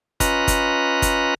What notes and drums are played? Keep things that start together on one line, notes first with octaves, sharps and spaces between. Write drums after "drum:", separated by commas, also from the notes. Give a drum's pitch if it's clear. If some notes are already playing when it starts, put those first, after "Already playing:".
C#4 F4 B4 D#5 A#5 F#6, drum: kick G1, hi-hat
drum: kick G1, hi-hat
drum: kick G1, hi-hat